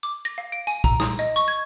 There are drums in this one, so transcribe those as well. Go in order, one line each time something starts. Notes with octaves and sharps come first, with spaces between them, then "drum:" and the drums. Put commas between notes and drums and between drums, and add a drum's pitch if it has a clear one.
D6
A#6
F5
D7
G#5, drum: tambourine
A#5, drum: kick, tambourine
D#6, drum: snare
D#5, drum: tambourine
C#6, drum: tambourine
G#6